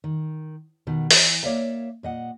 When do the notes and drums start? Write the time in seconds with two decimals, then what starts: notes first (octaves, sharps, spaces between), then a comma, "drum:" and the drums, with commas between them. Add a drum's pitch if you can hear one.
0.04 D#3
0.87 B2 D#3
1.11 E3, drum: open hi-hat
1.43 A#3 C#5 D5 E5 F5
2.03 A#2 D#5 F#5